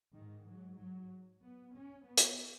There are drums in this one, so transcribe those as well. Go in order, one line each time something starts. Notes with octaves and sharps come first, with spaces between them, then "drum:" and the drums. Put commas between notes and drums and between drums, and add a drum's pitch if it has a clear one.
G#2 D#3
F#3
F#3
B3
C#4
B3
drum: hi-hat